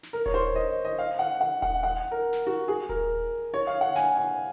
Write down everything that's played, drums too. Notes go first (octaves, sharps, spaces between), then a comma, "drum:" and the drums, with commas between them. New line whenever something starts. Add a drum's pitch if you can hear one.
drum: snare
A#4
C#5, drum: kick D#1
C5
D#5
D#5
F5
F#5
F#5
F#5, drum: kick D#1
F#5
A#4
drum: snare
F#4
G#4
A#4, drum: kick D#1
C#5
F5
F#5
G#5, drum: snare
G#5